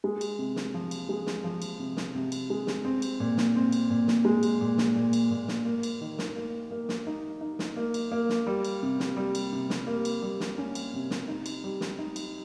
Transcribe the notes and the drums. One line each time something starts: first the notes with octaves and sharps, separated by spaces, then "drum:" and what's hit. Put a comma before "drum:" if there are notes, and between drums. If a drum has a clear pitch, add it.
G#3
drum: cymbal
C3
drum: snare
F3
drum: cymbal
G#3
drum: snare
F3
drum: cymbal
C3
drum: snare
C3
drum: cymbal
G#3
drum: snare
C4
drum: cymbal
A#2
drum: snare
C4
drum: cymbal
A#2
drum: snare
G#3
drum: cymbal
A#2
drum: snare
A#2
drum: cymbal
A#2
drum: snare
A#3
drum: cymbal
D#3
drum: snare
A#3
A#3
drum: snare
D#4
D#4
drum: snare
A#3
drum: cymbal
A#3
drum: snare
G3
drum: cymbal
C3
drum: snare
G3
drum: cymbal
C3
drum: snare
A#3
drum: cymbal
G3
drum: snare
C#4
drum: cymbal
C3
drum: snare
D#4
drum: cymbal
G3
drum: snare
D#4
drum: cymbal